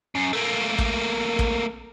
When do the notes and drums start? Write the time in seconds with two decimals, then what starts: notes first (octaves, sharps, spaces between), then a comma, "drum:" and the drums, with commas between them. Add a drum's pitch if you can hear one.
0.15 F#2
0.33 A3 A#3
0.79 drum: kick
1.39 drum: kick